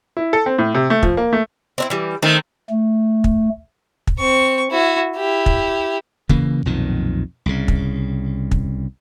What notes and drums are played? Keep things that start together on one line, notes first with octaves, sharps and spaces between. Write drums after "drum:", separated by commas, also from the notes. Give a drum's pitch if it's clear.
E4
A4
C4
A2
C3
A3
F3, drum: kick
A#3
A3
C4 D4 E4
E3 G3
D#3 A3 C4
A3
drum: kick
drum: kick
C4 C#6
E4 F#4
E4 G4
drum: kick
C#3 E3 A#3, drum: kick
B1 F2 A#2 D#3
C2 C#3
drum: kick
drum: kick